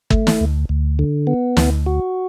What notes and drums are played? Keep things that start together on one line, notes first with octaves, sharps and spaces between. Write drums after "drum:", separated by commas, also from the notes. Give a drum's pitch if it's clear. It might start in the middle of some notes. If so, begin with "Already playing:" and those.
A3, drum: kick
drum: snare
D2
D2
D3
B3
D2, drum: snare
F#4